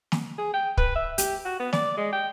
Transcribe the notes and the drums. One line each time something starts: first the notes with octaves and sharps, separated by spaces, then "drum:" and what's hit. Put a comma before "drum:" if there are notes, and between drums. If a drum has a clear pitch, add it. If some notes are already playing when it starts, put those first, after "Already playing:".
drum: snare
G#4
G5
B4, drum: kick
E5
G4, drum: hi-hat
F#4
B3
D5, drum: snare
G#3
G5